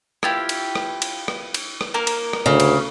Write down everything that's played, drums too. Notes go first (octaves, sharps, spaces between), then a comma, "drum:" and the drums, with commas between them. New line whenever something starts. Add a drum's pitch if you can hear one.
E4 F4 G4, drum: rim click
drum: cymbal
drum: rim click
drum: cymbal
drum: rim click
drum: cymbal
drum: rim click
A#3 A#4
drum: cymbal
drum: rim click
D2 C#3
drum: cymbal